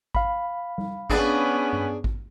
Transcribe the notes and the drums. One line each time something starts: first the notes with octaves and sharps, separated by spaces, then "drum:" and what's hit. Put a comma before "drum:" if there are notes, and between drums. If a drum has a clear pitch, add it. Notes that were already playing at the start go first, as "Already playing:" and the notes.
F5 B5, drum: kick G#1
drum: tom G3
B3 C#4 D4 G#4 D5, drum: kick G#1
drum: tom G2
drum: kick G#1